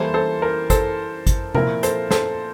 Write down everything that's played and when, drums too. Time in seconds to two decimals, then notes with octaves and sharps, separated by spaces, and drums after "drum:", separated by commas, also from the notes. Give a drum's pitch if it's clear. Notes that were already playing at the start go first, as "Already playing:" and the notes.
Already playing: E3 G3 A#3 E4 A4 C5
0.14 A4 C5
0.42 A#4
0.70 A4 C5, drum: kick, hi-hat
1.27 drum: kick, hi-hat
1.55 A#2 F3 C4 E4 A#4, drum: tom C3
1.83 A4 C5, drum: hi-hat
2.11 A4 C5, drum: snare